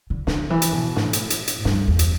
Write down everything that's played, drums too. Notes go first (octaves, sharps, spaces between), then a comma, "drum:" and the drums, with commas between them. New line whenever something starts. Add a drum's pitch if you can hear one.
D3
D3, drum: snare
E3
drum: hi-hat
B2
A2, drum: snare
drum: hi-hat
drum: hi-hat
drum: hi-hat
G2, drum: snare
E2
drum: hi-hat